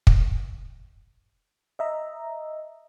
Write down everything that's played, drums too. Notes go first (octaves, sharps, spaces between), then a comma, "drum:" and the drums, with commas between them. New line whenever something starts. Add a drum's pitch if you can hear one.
drum: kick
D#5 E5 A#5